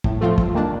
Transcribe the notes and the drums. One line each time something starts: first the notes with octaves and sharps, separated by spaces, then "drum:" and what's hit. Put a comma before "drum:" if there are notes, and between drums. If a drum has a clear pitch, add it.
A2, drum: kick
F3 A3 C4 F4
F2, drum: kick
D#3 G3 A#3 D4